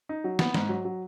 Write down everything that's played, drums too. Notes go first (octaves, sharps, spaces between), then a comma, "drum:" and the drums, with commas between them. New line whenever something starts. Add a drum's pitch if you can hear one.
D#4
F#3
B3, drum: snare
G#2, drum: snare
F#3
F#3